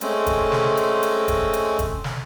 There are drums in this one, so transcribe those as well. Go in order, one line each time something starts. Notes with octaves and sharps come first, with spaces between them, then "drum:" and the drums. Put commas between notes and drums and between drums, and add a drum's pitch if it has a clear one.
G#3 A3 C4 C#4, drum: hi-hat
drum: kick F1, hi-hat
drum: snare
drum: hi-hat
drum: hi-hat
drum: kick F1, hi-hat
drum: hi-hat
drum: kick F1, hi-hat
drum: snare